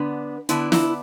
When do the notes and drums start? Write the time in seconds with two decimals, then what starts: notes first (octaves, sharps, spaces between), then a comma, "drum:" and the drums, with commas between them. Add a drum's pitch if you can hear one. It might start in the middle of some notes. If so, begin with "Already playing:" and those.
Already playing: D3 B3 D4 B4
0.49 D3 B3 D4 E4, drum: hi-hat
0.72 E4, drum: snare